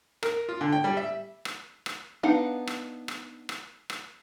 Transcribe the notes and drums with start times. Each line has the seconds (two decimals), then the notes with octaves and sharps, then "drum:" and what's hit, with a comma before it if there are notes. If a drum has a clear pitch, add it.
0.23 A#4, drum: rim click
0.49 F4
0.61 D3
0.72 G5
0.84 G3
0.97 E5
1.45 drum: rim click
1.86 drum: rim click
2.23 B3 D4 D#4 F5 F#5
2.67 drum: rim click
3.08 drum: rim click
3.49 drum: rim click
3.90 drum: rim click